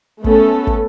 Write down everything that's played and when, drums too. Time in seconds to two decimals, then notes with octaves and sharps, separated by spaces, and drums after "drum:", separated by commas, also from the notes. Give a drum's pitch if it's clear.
0.24 A3 B3 C#4 A4, drum: kick
0.67 drum: kick